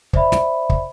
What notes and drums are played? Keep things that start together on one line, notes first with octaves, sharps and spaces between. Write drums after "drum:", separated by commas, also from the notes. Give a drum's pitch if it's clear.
C5 D5 E5 B5, drum: kick
drum: snare
drum: kick